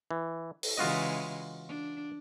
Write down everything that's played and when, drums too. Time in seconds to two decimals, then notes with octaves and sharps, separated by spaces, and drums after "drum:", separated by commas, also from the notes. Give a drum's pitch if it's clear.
0.11 E3
0.63 drum: open hi-hat
0.77 C#3 E3 G#3 F4 F#4 D#5
1.67 D4